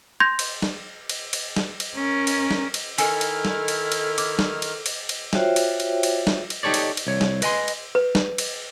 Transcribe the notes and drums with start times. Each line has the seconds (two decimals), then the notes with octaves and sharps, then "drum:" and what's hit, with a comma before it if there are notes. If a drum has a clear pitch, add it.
0.20 C6 G6 G#6 A#6
0.39 drum: cymbal
0.62 drum: snare
1.09 drum: cymbal
1.33 drum: cymbal
1.56 drum: snare
1.80 drum: cymbal
1.95 C#4 A#4
2.27 drum: cymbal
2.51 drum: snare
2.74 drum: cymbal
2.98 D#3 E4 A4 G#5 F6, drum: cymbal
3.21 drum: cymbal
3.45 drum: snare
3.68 drum: cymbal
3.92 drum: cymbal
4.18 D6, drum: cymbal
4.39 drum: snare
4.62 drum: cymbal
4.86 drum: cymbal
5.09 drum: cymbal
5.33 F4 F#4 C5 C#5 E5 G5, drum: snare
5.56 drum: cymbal
5.80 drum: cymbal
6.03 drum: cymbal
6.27 drum: snare
6.50 drum: cymbal
6.63 D#4 G4 A4 C#5 D5
6.74 drum: cymbal
6.97 drum: cymbal
7.07 C2 C#5
7.21 drum: snare
7.42 B4 D#5 G#5 C6, drum: cymbal
7.68 drum: cymbal
7.95 B4
8.15 drum: snare
8.38 drum: cymbal